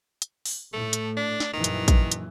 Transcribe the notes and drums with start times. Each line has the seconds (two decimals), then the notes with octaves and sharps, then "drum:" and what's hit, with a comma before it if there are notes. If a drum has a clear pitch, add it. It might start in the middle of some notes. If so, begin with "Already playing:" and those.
0.22 drum: hi-hat
0.46 drum: open hi-hat
0.73 A2 A3
0.93 drum: hi-hat
1.17 D4
1.40 drum: snare
1.53 A#1 F#2 D#3 E3
1.64 drum: hi-hat
1.88 drum: kick, hi-hat
2.12 drum: hi-hat